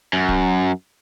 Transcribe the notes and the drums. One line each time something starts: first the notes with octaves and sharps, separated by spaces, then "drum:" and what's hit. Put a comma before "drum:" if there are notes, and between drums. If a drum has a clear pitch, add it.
F#2
drum: kick